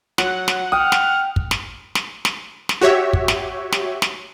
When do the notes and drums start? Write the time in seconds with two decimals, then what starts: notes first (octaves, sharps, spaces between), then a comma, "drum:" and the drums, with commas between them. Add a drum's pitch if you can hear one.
0.18 F#3 F#5, drum: snare
0.48 drum: snare
0.72 G5 D#6 F6
0.92 drum: snare
1.36 drum: kick
1.51 drum: snare
1.95 drum: snare
2.25 drum: snare
2.69 drum: snare
2.81 F#4 G4 C#5 E5
3.13 drum: kick
3.28 drum: snare
3.72 drum: snare
4.02 drum: snare